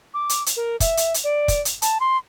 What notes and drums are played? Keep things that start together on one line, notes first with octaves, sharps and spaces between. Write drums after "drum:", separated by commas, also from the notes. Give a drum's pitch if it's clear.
D6
drum: hi-hat
drum: hi-hat
A#4
E5, drum: kick, hi-hat
drum: hi-hat
drum: hi-hat
D5
drum: kick, hi-hat
drum: hi-hat
A5, drum: hi-hat
C6